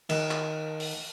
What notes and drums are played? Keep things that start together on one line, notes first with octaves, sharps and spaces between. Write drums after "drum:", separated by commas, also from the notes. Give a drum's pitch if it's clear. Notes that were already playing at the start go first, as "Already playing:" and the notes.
D#3, drum: cymbal
drum: clap
drum: open hi-hat